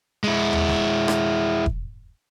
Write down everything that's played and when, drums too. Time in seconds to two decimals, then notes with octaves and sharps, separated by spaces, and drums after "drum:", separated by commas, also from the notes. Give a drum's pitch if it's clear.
0.24 G#3 E4
0.53 drum: tom D#2
0.68 drum: snare
1.08 drum: rim click
1.66 drum: kick E1